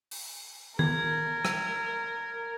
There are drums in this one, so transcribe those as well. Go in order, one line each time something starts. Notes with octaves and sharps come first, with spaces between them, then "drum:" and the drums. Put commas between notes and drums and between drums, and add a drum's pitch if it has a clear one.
drum: open hi-hat
A#4 G#6, drum: tom D#3
drum: rim click